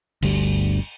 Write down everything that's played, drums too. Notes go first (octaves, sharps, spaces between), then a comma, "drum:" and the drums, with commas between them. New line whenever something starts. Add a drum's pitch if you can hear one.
G1 D2 G3, drum: cymbal